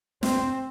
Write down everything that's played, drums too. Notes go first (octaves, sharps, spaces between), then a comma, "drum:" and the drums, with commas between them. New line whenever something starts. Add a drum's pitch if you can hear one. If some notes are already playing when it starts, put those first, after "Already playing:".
C4, drum: snare